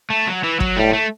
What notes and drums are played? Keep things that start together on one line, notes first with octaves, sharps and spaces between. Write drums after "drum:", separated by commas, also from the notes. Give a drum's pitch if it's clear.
A3
F#3
E3
F#3, drum: kick
A2 G3
A3